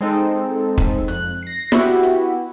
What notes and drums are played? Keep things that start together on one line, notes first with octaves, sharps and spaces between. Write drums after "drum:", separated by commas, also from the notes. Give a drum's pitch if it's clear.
G#3 C4 D#4 A4
drum: kick, hi-hat
F2 F#6, drum: hi-hat
A#6 C7
B3 E4 F#4 G4 B4, drum: snare
drum: hi-hat